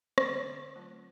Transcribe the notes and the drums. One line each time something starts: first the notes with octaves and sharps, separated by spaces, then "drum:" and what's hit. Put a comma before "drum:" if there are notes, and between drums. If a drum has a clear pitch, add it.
drum: rim click
D3
F#3 A3 C4 F4